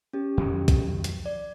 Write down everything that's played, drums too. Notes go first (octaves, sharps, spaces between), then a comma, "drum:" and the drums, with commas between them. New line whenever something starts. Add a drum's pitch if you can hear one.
C#4 G4
F2 D#3 F#3
drum: kick, hi-hat
drum: hi-hat
D5